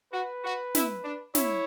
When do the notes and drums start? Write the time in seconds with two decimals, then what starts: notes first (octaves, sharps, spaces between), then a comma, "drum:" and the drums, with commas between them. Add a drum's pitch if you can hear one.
0.13 F#4 B4
0.44 F#4
0.75 E4, drum: snare
1.04 D4
1.35 E4 C#5, drum: snare